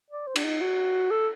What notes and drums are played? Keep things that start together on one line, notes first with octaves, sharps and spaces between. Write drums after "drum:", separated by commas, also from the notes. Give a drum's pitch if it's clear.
D5
C5
D4, drum: cymbal
D#4
F#4
A4